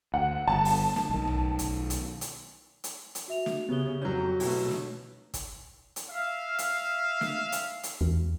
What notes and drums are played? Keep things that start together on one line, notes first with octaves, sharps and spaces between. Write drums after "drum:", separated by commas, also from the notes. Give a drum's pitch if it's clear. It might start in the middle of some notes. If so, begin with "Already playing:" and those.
D2 F#5
G1 A5
drum: open hi-hat
drum: snare
B1 D#3
drum: tom A#1
drum: kick, hi-hat
drum: hi-hat
drum: hi-hat
drum: hi-hat
drum: hi-hat
F#4 E5 F7
drum: snare
C#3 B3 G4 G7
F2 F#3 C#4 A#5 G6
B2 A3 E4, drum: open hi-hat
drum: snare
drum: kick, hi-hat
drum: hi-hat
E5 F5
drum: hi-hat
drum: snare
drum: hi-hat
drum: hi-hat
E2